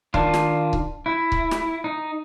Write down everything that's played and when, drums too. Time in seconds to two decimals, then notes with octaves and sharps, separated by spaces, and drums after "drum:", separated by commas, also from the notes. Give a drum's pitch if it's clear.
0.14 D#3 D4 F4, drum: kick C#1
0.34 drum: snare
0.73 drum: kick C#1
1.06 E4
1.32 drum: kick C#1
1.51 drum: snare
1.84 D#4